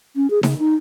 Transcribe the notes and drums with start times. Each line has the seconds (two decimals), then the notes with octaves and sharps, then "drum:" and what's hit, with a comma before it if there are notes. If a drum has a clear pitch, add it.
0.16 C#4
0.30 G#4
0.43 C#3, drum: snare D#4
0.59 D#4